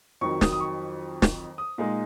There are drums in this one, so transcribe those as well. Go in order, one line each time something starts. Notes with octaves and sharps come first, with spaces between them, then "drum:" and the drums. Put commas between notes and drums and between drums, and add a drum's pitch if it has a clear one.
F2 D#3 F#3 C#6
D#6, drum: snare
D#6
C#6
drum: snare
D#6
A#2 G#3 D#4